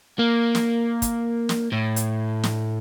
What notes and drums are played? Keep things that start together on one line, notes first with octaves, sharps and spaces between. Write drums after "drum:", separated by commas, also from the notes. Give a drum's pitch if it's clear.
A#3
drum: snare
drum: kick, hi-hat
drum: snare
A2
drum: hi-hat
drum: snare